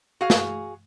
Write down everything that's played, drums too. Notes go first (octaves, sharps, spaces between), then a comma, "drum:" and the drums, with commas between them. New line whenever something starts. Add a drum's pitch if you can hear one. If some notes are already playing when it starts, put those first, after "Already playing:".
F#4 G#4 F5
drum: snare